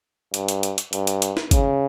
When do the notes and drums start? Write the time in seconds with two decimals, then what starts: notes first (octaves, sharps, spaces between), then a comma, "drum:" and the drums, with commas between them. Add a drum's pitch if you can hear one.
0.34 G2, drum: hi-hat
0.48 drum: hi-hat
0.63 drum: hi-hat
0.78 drum: hi-hat
0.93 G2, drum: hi-hat
1.07 drum: hi-hat
1.22 drum: hi-hat
1.37 drum: snare
1.51 C#3, drum: kick G1, hi-hat